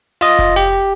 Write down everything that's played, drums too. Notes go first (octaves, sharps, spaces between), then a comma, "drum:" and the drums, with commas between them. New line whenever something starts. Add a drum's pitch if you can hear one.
F4 D#5
drum: kick F1
G4